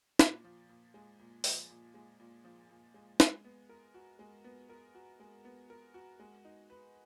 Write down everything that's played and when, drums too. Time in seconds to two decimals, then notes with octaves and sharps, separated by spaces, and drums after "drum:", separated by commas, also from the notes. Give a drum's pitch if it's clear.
0.19 A#2, drum: snare
0.44 F3
0.69 A#2
0.94 G#3
1.19 A#2
1.44 F3, drum: open hi-hat
1.69 A#2
1.94 G#3
2.20 A#2
2.44 F3
2.70 A#2
2.94 G#3
3.20 G#3, drum: snare
3.45 B3
3.69 A#4
3.94 F#4
4.19 G#3
4.44 B3
4.69 A#4
4.95 F#4
5.20 G#3
5.45 B3
5.70 A#4
5.94 F#4
6.19 G#3
6.45 D#4
6.70 B4